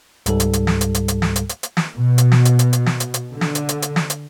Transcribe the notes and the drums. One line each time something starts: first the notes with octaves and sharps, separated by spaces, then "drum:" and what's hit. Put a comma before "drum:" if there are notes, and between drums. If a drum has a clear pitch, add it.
C#2 G#2 G3 A4, drum: hi-hat
drum: hi-hat
drum: hi-hat
drum: snare
drum: hi-hat
drum: hi-hat
drum: hi-hat
drum: snare
drum: hi-hat
drum: hi-hat
drum: hi-hat
drum: snare
B2
drum: hi-hat
drum: snare
drum: hi-hat
drum: hi-hat
drum: hi-hat
drum: snare
drum: hi-hat
drum: hi-hat
D3
drum: snare
drum: hi-hat
drum: hi-hat
drum: hi-hat
drum: snare
drum: hi-hat